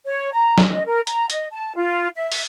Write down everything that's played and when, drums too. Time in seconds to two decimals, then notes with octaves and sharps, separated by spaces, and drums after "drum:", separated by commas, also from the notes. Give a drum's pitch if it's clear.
0.06 C#5
0.33 A#5
0.58 drum: snare
0.69 D#5
0.86 A#4
1.07 A#5, drum: hi-hat
1.30 D#5, drum: hi-hat
1.52 A5
1.76 F4
2.16 E5
2.32 drum: open hi-hat